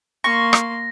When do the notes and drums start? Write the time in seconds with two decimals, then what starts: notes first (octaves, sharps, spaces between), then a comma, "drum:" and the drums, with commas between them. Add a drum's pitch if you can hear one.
0.24 A#3 C6 C#6 A#6
0.53 drum: rim click